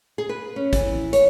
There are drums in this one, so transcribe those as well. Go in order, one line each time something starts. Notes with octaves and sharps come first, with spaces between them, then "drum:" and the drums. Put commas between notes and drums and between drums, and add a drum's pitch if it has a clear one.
G#4
B4
C#4
E3, drum: kick, hi-hat
C#5, drum: hi-hat